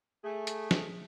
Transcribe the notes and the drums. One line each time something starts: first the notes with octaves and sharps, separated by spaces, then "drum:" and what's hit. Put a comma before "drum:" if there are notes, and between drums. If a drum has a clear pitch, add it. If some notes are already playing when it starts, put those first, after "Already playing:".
A3 G#4
drum: hi-hat
drum: snare